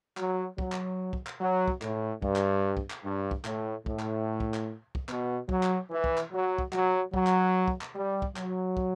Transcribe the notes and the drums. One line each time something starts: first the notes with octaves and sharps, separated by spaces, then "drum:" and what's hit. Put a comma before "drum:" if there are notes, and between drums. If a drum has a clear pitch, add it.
F#3, drum: clap
F#3, drum: kick
drum: clap
drum: kick
drum: clap
F#3
drum: kick
A2, drum: clap
G2, drum: kick
drum: clap
drum: kick
drum: clap
G2
drum: kick
A2, drum: clap
A2, drum: kick
drum: clap
drum: kick
drum: clap
drum: kick
B2, drum: clap
F#3, drum: kick
drum: clap
E3
drum: kick
drum: clap
F#3
drum: kick
F#3, drum: clap
F#3, drum: kick
drum: clap
drum: kick
drum: clap
G3
drum: kick
F#3, drum: clap
drum: kick